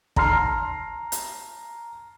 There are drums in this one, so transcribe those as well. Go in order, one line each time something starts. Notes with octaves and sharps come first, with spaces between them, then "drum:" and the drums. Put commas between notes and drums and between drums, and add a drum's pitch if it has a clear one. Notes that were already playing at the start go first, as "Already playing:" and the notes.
A5 A#5 C6 F6 C7, drum: kick
drum: hi-hat